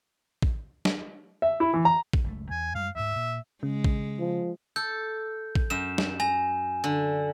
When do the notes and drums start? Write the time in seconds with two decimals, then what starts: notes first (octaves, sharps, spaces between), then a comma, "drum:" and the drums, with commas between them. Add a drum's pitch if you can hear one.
0.42 drum: kick
0.85 drum: snare
1.42 E5
1.60 E4
1.74 E3
1.85 A#5
2.13 drum: kick
2.24 F#1 C#2 A3
2.50 E2 G#5
2.75 F#2 G3 G#3 F5
2.96 D2 G#2 E5
3.16 A#2
3.63 C#3 G#3
3.84 drum: kick
4.19 F3
4.76 A4 G6
5.55 drum: kick
5.70 F#2 E7
5.98 drum: snare
6.20 G#5 A#5
6.84 D3